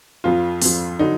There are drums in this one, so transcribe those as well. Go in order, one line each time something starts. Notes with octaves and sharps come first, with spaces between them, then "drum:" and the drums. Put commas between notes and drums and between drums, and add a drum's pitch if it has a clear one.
F2 F3 F4
F2 F3, drum: open hi-hat
D3 F#3 D#4